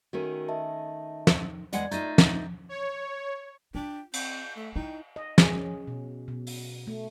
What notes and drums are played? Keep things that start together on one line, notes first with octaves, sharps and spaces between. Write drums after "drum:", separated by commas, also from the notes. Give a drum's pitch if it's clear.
D#3 A3 C#4 F#4 A#4
D#5 E5 A5
drum: snare
E2 G#3 D5 F#5 G#6, drum: hi-hat
A3 D#4 F4 A#5 G6 A6, drum: hi-hat
drum: snare
C#5
D4 F4 G5
C4 G6, drum: cymbal
A3 E5
D#4 E4 G5
D#5
G#4, drum: snare
C#4
B2
B2
drum: open hi-hat
A3